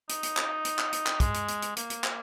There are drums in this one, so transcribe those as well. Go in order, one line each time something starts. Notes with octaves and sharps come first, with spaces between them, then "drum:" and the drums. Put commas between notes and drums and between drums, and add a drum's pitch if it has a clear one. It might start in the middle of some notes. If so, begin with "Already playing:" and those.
D#4, drum: hi-hat
drum: hi-hat
drum: clap
drum: hi-hat
drum: clap
drum: hi-hat
drum: clap
G#3, drum: kick, hi-hat
drum: hi-hat
drum: hi-hat
drum: hi-hat
A#3, drum: hi-hat
drum: hi-hat
drum: clap